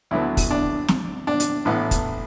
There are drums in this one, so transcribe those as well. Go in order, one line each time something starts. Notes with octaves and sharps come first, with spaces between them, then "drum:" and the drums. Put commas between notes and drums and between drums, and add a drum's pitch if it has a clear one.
D2 D3 F#3 B3 E4
drum: kick, open hi-hat
D4
drum: snare
D4
drum: hi-hat
A1 A2 E3 B3
drum: kick, hi-hat